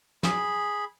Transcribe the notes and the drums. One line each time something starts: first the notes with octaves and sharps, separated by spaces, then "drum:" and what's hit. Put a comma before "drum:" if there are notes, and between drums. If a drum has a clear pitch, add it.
G#4 B5, drum: snare